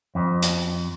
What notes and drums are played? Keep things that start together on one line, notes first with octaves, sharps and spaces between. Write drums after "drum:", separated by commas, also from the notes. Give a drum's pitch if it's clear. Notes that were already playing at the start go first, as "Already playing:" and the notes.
F2
drum: hi-hat